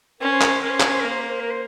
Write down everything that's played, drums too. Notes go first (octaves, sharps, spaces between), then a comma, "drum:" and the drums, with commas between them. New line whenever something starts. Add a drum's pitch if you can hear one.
C#4 A#4
C5
A#4, drum: clap
C5
C#4 A#4
C5
A#4, drum: clap
C5
A#3 A#4
C5
A#4
C5
A#4
C5